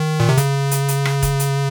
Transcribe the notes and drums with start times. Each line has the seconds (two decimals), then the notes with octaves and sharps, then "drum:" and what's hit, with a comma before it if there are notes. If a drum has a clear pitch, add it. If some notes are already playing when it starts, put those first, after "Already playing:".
Already playing: D#3
0.20 A#2
0.29 C3
0.37 C#3, drum: hi-hat
0.71 drum: hi-hat
0.88 drum: hi-hat
1.05 drum: rim click
1.22 drum: kick E1, hi-hat
1.40 drum: hi-hat